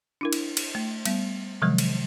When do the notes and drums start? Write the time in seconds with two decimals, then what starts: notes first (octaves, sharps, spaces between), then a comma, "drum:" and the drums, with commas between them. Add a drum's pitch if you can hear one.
0.21 D4 E4 A#4
0.33 drum: cymbal
0.57 drum: cymbal
0.75 A3
1.05 G3 B3, drum: cymbal
1.62 C3 D#3 F3 F#3 G#3
1.78 drum: cymbal